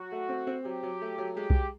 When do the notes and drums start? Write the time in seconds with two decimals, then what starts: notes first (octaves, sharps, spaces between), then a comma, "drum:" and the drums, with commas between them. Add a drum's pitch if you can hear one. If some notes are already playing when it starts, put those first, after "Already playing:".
Already playing: F#3 F#4
0.12 A3
0.29 C4
0.47 C4
0.65 F#3 G4
0.83 F#3
1.01 A3
1.18 F#3
1.37 G#3 G4
1.50 drum: kick B1